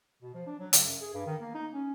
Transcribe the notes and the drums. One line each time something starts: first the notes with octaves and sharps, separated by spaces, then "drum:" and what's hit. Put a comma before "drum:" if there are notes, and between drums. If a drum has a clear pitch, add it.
B2
F3
D4
F#3
C#3, drum: hi-hat
F#2
G#4
G2
D#3
A#3
D#4
C#4